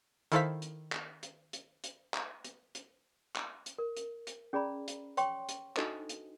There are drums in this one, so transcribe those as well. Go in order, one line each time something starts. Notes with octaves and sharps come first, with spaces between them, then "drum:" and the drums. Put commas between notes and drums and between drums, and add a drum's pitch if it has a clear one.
D#3 E4 A4 C5 F5 B6, drum: hi-hat
drum: hi-hat
drum: clap
drum: hi-hat
drum: hi-hat
drum: hi-hat
drum: clap
drum: hi-hat
drum: hi-hat
drum: clap
drum: hi-hat
A#4
drum: hi-hat
drum: hi-hat
C#4 G#4 D5 A#5 B5
drum: hi-hat
C#5 G5 C6 C#6, drum: hi-hat
drum: hi-hat
D4 D#4 F#4 A4 C5 D#5, drum: clap
drum: hi-hat